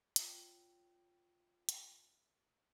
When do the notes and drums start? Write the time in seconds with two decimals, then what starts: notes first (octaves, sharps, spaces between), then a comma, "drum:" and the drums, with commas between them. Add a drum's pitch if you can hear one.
0.16 F4 C#5 G5 E7 F7, drum: hi-hat
1.69 drum: hi-hat